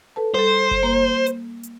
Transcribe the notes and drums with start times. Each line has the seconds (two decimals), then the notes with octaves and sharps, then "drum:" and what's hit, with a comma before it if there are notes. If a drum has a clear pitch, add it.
0.16 A4 B4 A5
0.34 G3 A4 C5
0.71 drum: kick F#1
0.83 A#3
1.26 drum: hi-hat
1.63 drum: hi-hat